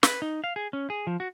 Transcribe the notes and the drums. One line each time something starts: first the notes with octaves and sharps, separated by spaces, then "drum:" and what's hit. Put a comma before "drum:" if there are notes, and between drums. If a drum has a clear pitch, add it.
B4, drum: snare
D#4
F5
G#4
C#4
G#4
F3
F#4